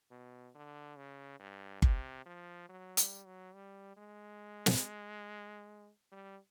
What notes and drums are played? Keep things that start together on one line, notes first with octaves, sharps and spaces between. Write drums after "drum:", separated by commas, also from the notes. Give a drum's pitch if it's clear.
B2
D3
C#3
G2
C3, drum: kick G1
F3
F#3
G3, drum: hi-hat
F#3
G3
G#3
drum: snare
G3